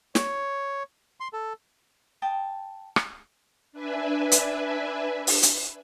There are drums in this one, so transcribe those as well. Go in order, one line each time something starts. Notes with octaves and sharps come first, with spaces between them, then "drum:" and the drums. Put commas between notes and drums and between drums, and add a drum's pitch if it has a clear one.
C#5, drum: snare
C6
A4
G5 A5 D#6
drum: rim click
D4 B4 E5 G#5
drum: hi-hat
drum: open hi-hat
drum: hi-hat